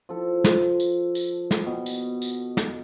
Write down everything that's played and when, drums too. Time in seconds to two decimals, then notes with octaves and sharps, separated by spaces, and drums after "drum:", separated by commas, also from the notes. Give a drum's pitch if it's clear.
0.09 F3 A4
0.44 drum: snare
0.80 drum: tambourine
1.15 drum: tambourine
1.51 drum: snare
1.66 B2
1.86 drum: tambourine
2.22 drum: tambourine
2.57 drum: snare